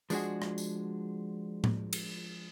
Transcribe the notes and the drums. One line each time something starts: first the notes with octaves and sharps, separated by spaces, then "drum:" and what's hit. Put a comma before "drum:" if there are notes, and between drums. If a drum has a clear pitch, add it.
F3 G#3 D4 F#4 G#4, drum: tambourine
drum: rim click
drum: tambourine
drum: tom A2
drum: cymbal